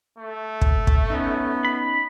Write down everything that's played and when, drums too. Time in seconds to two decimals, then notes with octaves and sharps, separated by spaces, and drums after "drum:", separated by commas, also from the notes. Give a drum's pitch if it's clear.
0.18 A3
0.62 drum: kick
0.87 drum: kick
1.10 B3 C#4 D#4
1.65 B5